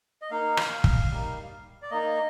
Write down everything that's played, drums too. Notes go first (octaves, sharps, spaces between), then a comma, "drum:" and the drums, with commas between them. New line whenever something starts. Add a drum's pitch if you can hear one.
D#5
A#3 D#4 F5
drum: rim click
drum: kick
G3 A#3 D#4
D5
A#3 D#4 D#5